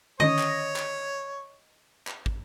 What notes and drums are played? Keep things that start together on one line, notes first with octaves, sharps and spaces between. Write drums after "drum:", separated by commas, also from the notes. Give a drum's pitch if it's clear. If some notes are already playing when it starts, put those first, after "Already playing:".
D3 D#3 C#4 C#5 D#5
drum: clap
drum: clap
drum: clap
drum: kick